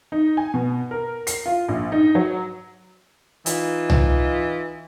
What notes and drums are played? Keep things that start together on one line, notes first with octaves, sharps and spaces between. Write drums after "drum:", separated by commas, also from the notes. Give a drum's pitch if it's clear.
D#4
G#5
B2
A#4
C7, drum: hi-hat
F4
A#1
D#4
F#3
E3 D#4 F4, drum: hi-hat
drum: tom C2